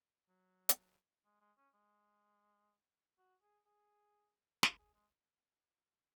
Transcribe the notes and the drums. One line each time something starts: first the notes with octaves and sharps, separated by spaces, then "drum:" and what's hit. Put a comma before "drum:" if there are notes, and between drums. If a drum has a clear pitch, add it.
F#3
drum: hi-hat
G#3
G#3
C#4
G#3
F#4
G#4
G#4
A#4, drum: snare
G#4
G#3